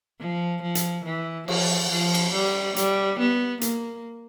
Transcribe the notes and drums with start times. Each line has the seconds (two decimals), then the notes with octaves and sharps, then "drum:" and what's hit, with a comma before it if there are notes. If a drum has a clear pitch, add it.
0.20 F3
0.62 F3
0.75 drum: hi-hat
1.05 E3
1.48 F3, drum: cymbal
1.90 F3
2.14 drum: cymbal
2.33 G3
2.76 G3, drum: hi-hat
3.19 B3
3.61 A#3, drum: hi-hat